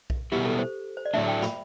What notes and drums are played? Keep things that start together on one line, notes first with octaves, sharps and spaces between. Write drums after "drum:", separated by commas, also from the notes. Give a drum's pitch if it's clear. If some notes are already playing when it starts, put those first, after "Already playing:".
drum: kick B1
B2 G3 B3 E4 G4
A4
C5
C5
D5
A2 F#3 A3 D4 E5
G5
B5, drum: snare